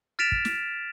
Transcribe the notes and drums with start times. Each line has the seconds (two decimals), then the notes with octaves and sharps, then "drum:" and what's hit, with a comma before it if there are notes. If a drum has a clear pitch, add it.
0.19 F6 A6 B6 D7 E7 F7
0.32 drum: kick
0.45 drum: snare